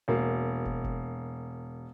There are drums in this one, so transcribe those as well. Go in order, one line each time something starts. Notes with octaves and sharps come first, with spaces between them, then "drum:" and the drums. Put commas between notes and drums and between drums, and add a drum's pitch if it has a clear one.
E1 A#3
drum: kick
drum: kick